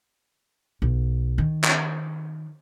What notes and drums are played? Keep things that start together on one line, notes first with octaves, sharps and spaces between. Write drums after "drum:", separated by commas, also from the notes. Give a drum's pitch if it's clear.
B1
D#3
drum: clap